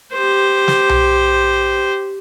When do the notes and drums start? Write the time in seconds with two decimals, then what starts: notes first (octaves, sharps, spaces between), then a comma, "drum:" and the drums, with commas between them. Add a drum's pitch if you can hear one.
0.13 G4 C5
0.68 drum: snare
0.89 drum: tom B1